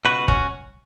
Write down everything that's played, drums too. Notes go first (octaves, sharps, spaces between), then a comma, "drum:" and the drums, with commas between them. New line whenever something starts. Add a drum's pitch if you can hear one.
C#2 B2 F#4 B4
C#4 F#4, drum: kick